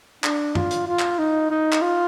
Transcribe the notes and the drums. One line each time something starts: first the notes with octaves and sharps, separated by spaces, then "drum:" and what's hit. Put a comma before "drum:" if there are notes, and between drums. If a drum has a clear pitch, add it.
D4, drum: clap
F4, drum: tom F#2
drum: hi-hat
F4
drum: clap
D#4
D#4
drum: clap
F4